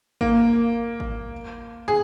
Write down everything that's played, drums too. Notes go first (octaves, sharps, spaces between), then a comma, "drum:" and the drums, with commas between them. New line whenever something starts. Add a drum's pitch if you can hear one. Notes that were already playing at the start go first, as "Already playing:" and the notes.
A#3, drum: kick G#1
drum: kick G#1
G#4